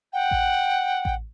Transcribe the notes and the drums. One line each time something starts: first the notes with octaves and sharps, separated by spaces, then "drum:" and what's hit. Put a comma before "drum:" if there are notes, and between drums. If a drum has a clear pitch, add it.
F#5 G5
drum: kick A1
drum: kick A1